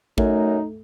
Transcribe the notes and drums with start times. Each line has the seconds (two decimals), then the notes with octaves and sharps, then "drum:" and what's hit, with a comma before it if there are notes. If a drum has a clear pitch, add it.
0.18 F#2 A3 D#4, drum: kick